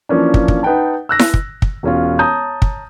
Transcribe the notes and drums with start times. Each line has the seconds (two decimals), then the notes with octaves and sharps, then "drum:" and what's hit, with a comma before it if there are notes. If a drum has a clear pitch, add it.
0.09 E3 F3 A#3 C#4 D4
0.34 drum: kick
0.48 drum: kick
0.63 D#4 B4 F#5 G5 A5
1.09 E6 F#6 A#6
1.19 drum: snare E4
1.34 drum: kick
1.62 drum: kick
1.83 E1 C#4 F4
2.19 C#5 A5 A#5 D#6 G6
2.62 drum: kick